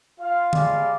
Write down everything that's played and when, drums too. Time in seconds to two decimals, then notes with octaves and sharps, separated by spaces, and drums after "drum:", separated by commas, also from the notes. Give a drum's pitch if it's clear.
0.20 F4 F5
0.53 G3 G#3 D5 F5 C6, drum: tom D3